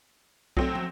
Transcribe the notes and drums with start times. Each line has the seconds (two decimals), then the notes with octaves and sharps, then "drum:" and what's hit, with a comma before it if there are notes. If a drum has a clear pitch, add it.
0.57 F#3 A3 C4, drum: kick B1
0.75 drum: tom